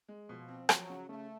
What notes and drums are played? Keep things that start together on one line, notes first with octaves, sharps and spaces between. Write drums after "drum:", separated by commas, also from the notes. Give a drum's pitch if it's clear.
G#3
B2 F3
C4
F3 F#3, drum: rim click
C#3
C#3 A3